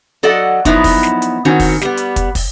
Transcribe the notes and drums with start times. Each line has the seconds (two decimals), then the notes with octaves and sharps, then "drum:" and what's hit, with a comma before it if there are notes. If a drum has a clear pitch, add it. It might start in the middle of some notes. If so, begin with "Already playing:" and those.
0.23 F#3 A4 D5 D#5 F#5
0.65 F3 F#3 B3 D#4 E4, drum: kick, hi-hat
0.84 drum: kick, open hi-hat
1.03 drum: snare
1.22 drum: hi-hat
1.45 D#3 C4 C#4 F#4
1.60 drum: kick, open hi-hat
1.81 G3 B3, drum: snare
1.97 drum: hi-hat
2.16 drum: kick, hi-hat
2.35 drum: kick, open hi-hat